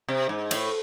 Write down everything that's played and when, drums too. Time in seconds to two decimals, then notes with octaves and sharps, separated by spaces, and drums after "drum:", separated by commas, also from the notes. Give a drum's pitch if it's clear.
0.08 C3
0.29 G#2
0.51 A2, drum: cymbal